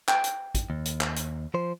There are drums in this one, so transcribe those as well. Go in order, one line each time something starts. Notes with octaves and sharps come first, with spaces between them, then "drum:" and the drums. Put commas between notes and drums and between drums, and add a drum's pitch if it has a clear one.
G5, drum: clap
drum: hi-hat
drum: kick, hi-hat
D#2
drum: hi-hat
drum: clap
drum: hi-hat
F3 C5